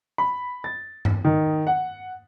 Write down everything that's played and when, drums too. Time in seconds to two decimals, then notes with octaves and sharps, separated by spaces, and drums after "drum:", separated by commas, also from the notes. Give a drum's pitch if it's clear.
0.18 B5
0.64 A6
1.05 drum: tom G2
1.25 D#3
1.67 F#5